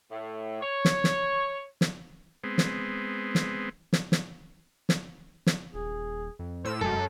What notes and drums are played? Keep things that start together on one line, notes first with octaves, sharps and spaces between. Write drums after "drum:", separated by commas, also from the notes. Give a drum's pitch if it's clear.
A2
C#5
drum: snare
drum: snare
drum: snare
G#3 B3 C4
drum: snare
drum: snare
drum: snare
drum: snare
drum: snare
drum: snare
D#1 G#4
F2
A2 C5 E6
F1 F#2 G#3 A4